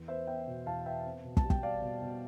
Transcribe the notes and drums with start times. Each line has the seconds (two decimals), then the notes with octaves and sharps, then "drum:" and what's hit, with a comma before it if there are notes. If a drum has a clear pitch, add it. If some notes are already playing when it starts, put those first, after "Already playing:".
Already playing: E2
0.08 B3 C5 E5
0.27 B3 E5 G5
0.48 B2
0.66 E2 F5 A5
0.86 B3 E5 G5
1.05 C4
1.24 B2
1.37 A5, drum: kick
1.44 G3
1.50 G5, drum: kick
1.63 G3 D5 F5
1.82 B2
2.02 B2